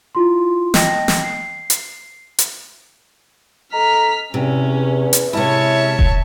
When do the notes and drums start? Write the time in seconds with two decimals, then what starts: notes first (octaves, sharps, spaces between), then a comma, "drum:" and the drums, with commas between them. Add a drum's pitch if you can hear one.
0.15 E4 F4 C6
0.74 D#5 G5 A5 A#6, drum: snare
1.08 drum: snare
1.24 C7
1.70 drum: hi-hat
2.38 drum: hi-hat
3.73 A4 D#5 A#5 F6 B6
4.34 E2 C3 C#4
5.13 drum: hi-hat
5.33 C3 G#3 C#4 E4 C#5 E5 A5
5.99 drum: kick E1